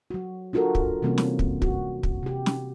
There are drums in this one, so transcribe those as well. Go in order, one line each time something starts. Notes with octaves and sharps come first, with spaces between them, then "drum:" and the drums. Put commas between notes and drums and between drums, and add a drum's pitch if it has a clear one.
F#3 F#4
D4 F4 F#4 A4 A#4
drum: kick
C3 E3 G3 A#3 C4 C#4
drum: snare
drum: kick
F#4, drum: kick
drum: kick
C3 G4
drum: snare